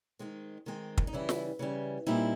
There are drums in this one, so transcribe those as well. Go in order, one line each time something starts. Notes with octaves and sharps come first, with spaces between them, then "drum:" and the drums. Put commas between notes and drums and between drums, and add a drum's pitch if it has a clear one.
D#3 G#3 C4
D#3 G#3 C4
drum: kick
D#4
C#3 E3 G3 E4
drum: snare
C#3 E3 G3
A#2 G3 C4 D#4 E4